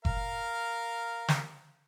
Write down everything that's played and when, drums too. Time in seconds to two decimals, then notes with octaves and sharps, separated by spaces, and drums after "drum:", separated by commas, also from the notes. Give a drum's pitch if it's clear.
0.05 A#4 F5, drum: kick F#1
1.28 drum: snare